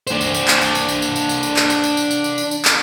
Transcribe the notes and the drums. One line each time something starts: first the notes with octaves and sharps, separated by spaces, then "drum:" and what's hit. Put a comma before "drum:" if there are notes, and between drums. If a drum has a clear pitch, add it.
D4 C5, drum: tambourine
drum: tambourine
drum: tambourine
drum: clap
drum: tambourine
drum: tambourine
drum: tambourine
drum: tambourine
drum: tambourine
drum: tambourine
drum: tambourine
drum: clap
drum: tambourine
drum: tambourine
drum: tambourine
drum: tambourine
drum: tambourine
drum: tambourine
drum: tambourine
drum: clap